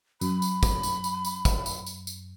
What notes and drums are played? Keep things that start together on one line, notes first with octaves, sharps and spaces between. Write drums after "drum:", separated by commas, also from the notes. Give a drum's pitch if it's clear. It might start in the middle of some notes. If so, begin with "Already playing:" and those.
F#2 B5, drum: tambourine
drum: tambourine
drum: kick, tambourine
drum: tambourine
drum: tambourine
drum: tambourine
drum: kick, tambourine
drum: tambourine
drum: tambourine
drum: tambourine